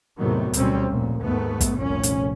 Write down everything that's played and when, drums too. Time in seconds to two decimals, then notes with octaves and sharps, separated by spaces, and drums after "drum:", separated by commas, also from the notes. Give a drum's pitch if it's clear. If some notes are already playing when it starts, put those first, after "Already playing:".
0.18 E2 A2 C3 D#3 F#3 B3
0.53 D2 B2 G3 C4 C#4, drum: hi-hat
0.89 F1 A#2
1.22 D#2 G#2 A3 B3
1.61 drum: kick, hi-hat
1.78 F1 C2 A#2 C#4
2.03 drum: hi-hat